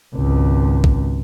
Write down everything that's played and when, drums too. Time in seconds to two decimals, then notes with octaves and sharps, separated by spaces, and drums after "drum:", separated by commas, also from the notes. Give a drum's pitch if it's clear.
0.15 G#1 C#2
0.84 drum: kick A#1